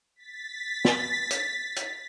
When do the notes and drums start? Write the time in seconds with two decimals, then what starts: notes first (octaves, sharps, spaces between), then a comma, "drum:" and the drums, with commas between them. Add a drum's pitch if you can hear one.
0.16 A6 B6
0.85 drum: snare
1.30 drum: hi-hat
1.76 drum: hi-hat